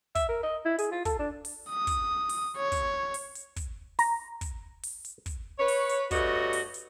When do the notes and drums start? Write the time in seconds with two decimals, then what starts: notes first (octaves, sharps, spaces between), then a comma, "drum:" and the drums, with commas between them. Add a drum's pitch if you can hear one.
0.15 E5, drum: kick, hi-hat
0.29 A#4
0.43 D#5
0.65 E4
0.78 G#4, drum: hi-hat
0.91 F4
1.05 A4, drum: kick, hi-hat
1.19 D4
1.45 drum: open hi-hat
1.70 D#6
1.87 drum: kick, hi-hat
2.29 drum: open hi-hat
2.57 C#5
2.72 drum: kick, hi-hat
3.14 drum: open hi-hat
3.35 drum: hi-hat
3.56 drum: kick, hi-hat
3.99 A#5, drum: open hi-hat
4.41 drum: kick, hi-hat
4.83 drum: open hi-hat
5.05 drum: hi-hat
5.26 drum: kick, hi-hat
5.58 B4 C#5
5.68 drum: open hi-hat
5.89 drum: hi-hat
6.11 G2 A3 F#4 C#5 D#5, drum: kick, hi-hat
6.53 drum: open hi-hat
6.74 drum: hi-hat